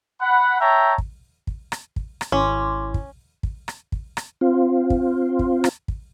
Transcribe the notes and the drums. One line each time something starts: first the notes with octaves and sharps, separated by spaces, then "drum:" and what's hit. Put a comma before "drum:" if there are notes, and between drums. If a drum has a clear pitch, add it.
F#5 B5
C#5 E5 G5 A5 A#5
drum: kick
drum: kick
drum: rim click
drum: kick
drum: rim click
G#1 C#4 E4 C6 D6
drum: kick
drum: kick
drum: rim click
drum: kick
drum: rim click
C4 F4
drum: kick
drum: kick
drum: rim click
drum: kick